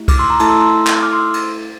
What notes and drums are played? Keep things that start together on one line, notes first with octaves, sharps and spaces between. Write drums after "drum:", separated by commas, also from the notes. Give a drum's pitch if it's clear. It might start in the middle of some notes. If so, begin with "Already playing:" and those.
Already playing: A3 E4 G4
D6 F6, drum: kick C2, cymbal
C6 E6
A#5 D6
A3 E4 A4 A5 C6, drum: cymbal
C6 E6
C6 E6
drum: clap
D6 F6
C6 E6
drum: cymbal